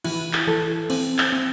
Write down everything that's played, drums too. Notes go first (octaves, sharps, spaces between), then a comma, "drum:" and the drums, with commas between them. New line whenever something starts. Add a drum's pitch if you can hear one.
E3 E4, drum: cymbal
drum: clap
E3 A4
C4, drum: cymbal
drum: clap
C4